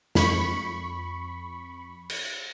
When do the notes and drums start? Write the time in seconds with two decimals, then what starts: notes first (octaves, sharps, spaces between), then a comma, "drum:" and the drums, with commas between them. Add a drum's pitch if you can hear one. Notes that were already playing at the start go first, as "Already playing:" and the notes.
0.15 F2 B5 C#6, drum: snare
2.10 drum: cymbal